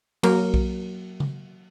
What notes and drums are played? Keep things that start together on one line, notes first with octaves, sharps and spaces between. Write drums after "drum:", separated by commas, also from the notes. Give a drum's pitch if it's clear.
F#3 A#3 A#4, drum: cymbal
drum: kick B1
drum: tom C#3